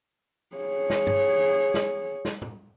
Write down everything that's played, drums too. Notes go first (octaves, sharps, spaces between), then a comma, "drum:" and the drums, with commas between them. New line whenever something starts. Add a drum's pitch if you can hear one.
G#4 C#5
drum: snare
drum: tom G2
drum: snare
drum: snare
drum: tom A2